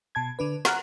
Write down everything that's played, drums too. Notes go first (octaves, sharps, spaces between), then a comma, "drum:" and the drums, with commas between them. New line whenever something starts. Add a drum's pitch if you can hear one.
B2 A5 G#6
D3 D4 B4
F#5 A#5 F6 F#6, drum: snare